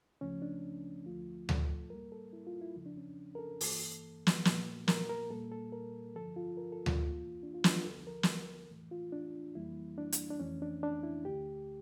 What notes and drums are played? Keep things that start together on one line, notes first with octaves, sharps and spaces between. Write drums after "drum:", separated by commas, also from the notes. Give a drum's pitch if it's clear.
C#2 C#3 F3 A3 C#4
D4
D2 D3 F3 A3 F4
A4, drum: tom D2
A2 G3 A#3 A#4
A4
E4
F4
E4
E2 C#3 F3
D4
C#4
A#4
A4
G2 E3 A#3 A4, drum: open hi-hat
drum: snare
A#2 F3 A#3, drum: snare
A#4, drum: snare
A#4
A#2 G3 A#3 A4
A4
A#4
G2 D3 F3 A4
F4
A#4
A4
F4, drum: tom D2
F2 E3 A#3
D4
F4
D4, drum: snare
F4
D2 D3 F3 A4
A#4
drum: snare
A2 E3 A3
F4
D4
F2 E3 G3 A#3 E4
D4
drum: hi-hat
D4
F2 E3 A3 C#4
D4
D4
E4
D2 D3 A3 G4